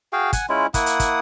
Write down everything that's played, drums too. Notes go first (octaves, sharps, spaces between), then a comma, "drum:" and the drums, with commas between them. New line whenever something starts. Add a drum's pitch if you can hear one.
F#4 G#4 F5 G5
F#5 G#5, drum: kick, hi-hat
G#3 C#4 E4 F4
A#3 E4 F#5 D#6, drum: kick, hi-hat
drum: hi-hat
drum: kick, hi-hat